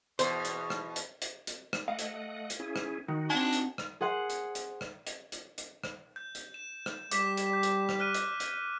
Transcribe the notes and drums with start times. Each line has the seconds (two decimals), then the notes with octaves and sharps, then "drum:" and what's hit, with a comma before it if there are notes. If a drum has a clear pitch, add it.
0.19 E2 B2 C5, drum: hi-hat
0.45 drum: hi-hat
0.70 drum: rim click
0.96 drum: hi-hat
1.22 drum: hi-hat
1.47 drum: hi-hat
1.73 drum: rim click
1.88 A3 D#5 F5 F#5
1.99 drum: hi-hat
2.50 drum: hi-hat
2.60 C#4 E4 G#4
2.76 drum: rim click
3.08 D#3 D#4 F#4
3.30 C4 D4 F#5 G#5
3.53 drum: hi-hat
3.78 drum: rim click
4.01 G#4 C5 F#5
4.30 drum: hi-hat
4.55 drum: hi-hat
4.81 drum: rim click
5.07 drum: hi-hat
5.32 drum: hi-hat
5.58 drum: hi-hat
5.84 drum: rim click
6.16 G6
6.35 drum: hi-hat
6.54 E7
6.86 drum: rim click
7.11 G3 D6 B6 E7, drum: hi-hat
7.37 drum: hi-hat
7.53 G6
7.63 drum: hi-hat
7.89 drum: rim click
8.00 F6 F#6 D#7
8.14 drum: hi-hat
8.40 drum: hi-hat